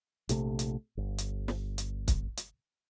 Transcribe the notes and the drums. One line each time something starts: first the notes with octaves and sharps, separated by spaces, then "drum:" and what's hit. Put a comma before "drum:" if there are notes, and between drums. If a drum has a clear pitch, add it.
A#1 C3 A3, drum: hi-hat
drum: hi-hat
G1
drum: hi-hat
drum: snare
drum: hi-hat
drum: kick, hi-hat
drum: hi-hat